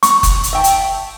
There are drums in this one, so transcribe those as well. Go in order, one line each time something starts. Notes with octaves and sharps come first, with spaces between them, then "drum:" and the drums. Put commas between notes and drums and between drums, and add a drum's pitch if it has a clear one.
C#6, drum: hi-hat
drum: kick F#1, hi-hat
drum: hi-hat
E5 G5 A5
drum: hi-hat